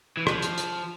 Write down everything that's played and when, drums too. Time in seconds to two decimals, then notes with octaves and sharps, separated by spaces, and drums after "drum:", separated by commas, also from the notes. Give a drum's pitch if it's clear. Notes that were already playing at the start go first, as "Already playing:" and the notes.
0.17 E3
0.27 F3, drum: rim click
0.42 drum: hi-hat
0.58 drum: hi-hat